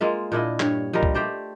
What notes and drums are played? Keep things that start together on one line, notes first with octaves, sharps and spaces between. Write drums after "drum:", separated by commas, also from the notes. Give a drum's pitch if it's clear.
G#3 A#3 F4 E5
A#2 D4 E4 D#5
G2 C#5, drum: clap
F3 G3 D#4 A#4
drum: kick
A3 G4 C5 D5